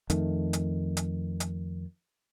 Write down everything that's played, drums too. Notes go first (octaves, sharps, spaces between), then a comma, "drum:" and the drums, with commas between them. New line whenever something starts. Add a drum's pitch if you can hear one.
F2 D#3 A3, drum: hi-hat
drum: hi-hat
drum: hi-hat
drum: hi-hat